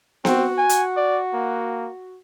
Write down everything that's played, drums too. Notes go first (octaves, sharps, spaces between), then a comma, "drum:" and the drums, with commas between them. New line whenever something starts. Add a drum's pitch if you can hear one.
C4 F#4, drum: snare B3
G#5
drum: hi-hat
D5
A#3